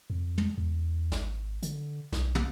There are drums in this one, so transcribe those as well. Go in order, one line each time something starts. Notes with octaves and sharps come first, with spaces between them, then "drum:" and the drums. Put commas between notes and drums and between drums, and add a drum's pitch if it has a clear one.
F2
drum: tom
E2
G#1, drum: snare
D3, drum: hi-hat
B1, drum: snare
drum: tom